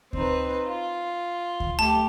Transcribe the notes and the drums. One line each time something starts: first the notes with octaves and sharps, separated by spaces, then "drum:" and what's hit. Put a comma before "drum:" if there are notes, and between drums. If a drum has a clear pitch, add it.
C4 D#4 B4, drum: kick D2
F4
drum: kick D2
A3 G4 A5